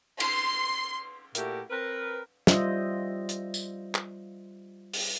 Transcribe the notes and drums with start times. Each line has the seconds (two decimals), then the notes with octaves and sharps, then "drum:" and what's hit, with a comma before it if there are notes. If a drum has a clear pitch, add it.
0.20 C6, drum: cymbal
1.35 A#2 A3 E4 F#4 G4 A#4, drum: hi-hat
1.70 C4 A#4 B4
2.47 G3 F4 C5 D#5 E5, drum: snare
3.29 drum: hi-hat
3.54 drum: tambourine
3.95 drum: clap
4.94 drum: open hi-hat